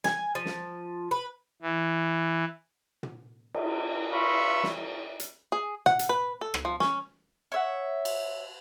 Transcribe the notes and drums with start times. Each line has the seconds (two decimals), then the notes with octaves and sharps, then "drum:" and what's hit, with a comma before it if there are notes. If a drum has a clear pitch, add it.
0.04 G#5, drum: snare
0.35 F3
0.45 drum: snare
1.11 B4
1.62 E3
3.03 drum: tom
3.54 drum: cymbal
4.12 F4 B4 E5 F5 B5 C#6
4.63 drum: snare
5.20 drum: hi-hat
5.52 G#4
5.86 F#5, drum: tom
5.99 drum: hi-hat
6.09 B4
6.41 A4
6.54 drum: rim click
6.65 F3
6.80 C#4, drum: snare
7.52 C#5 E5 F#5
8.05 drum: cymbal